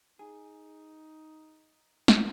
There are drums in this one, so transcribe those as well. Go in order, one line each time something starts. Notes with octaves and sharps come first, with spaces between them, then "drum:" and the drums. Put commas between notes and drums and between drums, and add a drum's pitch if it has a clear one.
D#4 G#4
drum: snare